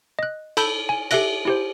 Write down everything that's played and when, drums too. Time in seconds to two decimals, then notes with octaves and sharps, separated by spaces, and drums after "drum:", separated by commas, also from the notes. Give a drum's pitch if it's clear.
0.19 D#5 F#6
0.57 A4 A5 B5 E6 G6, drum: cymbal
0.89 G#5
1.11 G4 A4 E5 F#6 A#6, drum: cymbal
1.45 E4 G4 C5